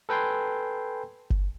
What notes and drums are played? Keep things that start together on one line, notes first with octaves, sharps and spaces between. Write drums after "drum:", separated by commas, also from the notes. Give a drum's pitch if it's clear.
A4 B4 G5 G#5 C6
drum: kick F#1